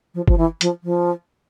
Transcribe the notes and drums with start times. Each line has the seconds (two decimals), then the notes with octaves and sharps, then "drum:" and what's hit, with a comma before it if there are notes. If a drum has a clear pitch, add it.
0.14 F3
0.28 F3, drum: kick F#1
0.38 E3
0.61 F3, drum: hi-hat
0.83 F3